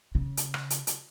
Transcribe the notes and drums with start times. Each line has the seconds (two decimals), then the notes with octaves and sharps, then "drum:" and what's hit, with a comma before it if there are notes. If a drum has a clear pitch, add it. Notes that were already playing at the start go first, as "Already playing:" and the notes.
0.15 C#3
0.37 drum: hi-hat
0.54 drum: rim click
0.70 drum: hi-hat
0.87 drum: hi-hat